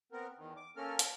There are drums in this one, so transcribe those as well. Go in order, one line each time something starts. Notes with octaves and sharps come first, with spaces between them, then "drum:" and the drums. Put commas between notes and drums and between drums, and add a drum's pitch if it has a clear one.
B3 C4 A#4
E2 D#3
D6
A#3 C#4 A4 A#4 F6
drum: hi-hat